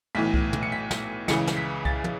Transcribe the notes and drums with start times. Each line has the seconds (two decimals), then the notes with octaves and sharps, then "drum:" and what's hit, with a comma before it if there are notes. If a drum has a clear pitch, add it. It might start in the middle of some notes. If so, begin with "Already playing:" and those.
0.15 B1 A2 E3 B6
0.34 drum: kick C2
0.53 drum: tom
0.63 C#7
0.72 B6
0.91 drum: snare
1.28 C#2 C#3 E3 C#7, drum: snare
1.47 drum: snare
1.57 B6
1.85 A6, drum: kick C2
2.04 drum: tom